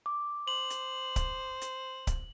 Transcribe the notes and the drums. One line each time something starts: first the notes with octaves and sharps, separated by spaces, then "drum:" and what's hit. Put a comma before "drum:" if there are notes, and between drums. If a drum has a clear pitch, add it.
D6
C5 F#7
drum: hi-hat
drum: kick C#1, hi-hat
drum: hi-hat
drum: kick C#1, hi-hat